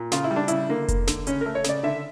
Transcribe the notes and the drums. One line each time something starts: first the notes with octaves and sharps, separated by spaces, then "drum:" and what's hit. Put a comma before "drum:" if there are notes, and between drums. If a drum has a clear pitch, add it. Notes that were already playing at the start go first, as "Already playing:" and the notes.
Already playing: A#2
C#3 F4, drum: snare
E4
G3
D4
C#3 E4, drum: hi-hat
D3 A#3
A#3, drum: kick F1, hi-hat
D3, drum: snare
C#3 C#4, drum: hi-hat
A3 A#4
C#5
C#3 D5, drum: snare
D3 E5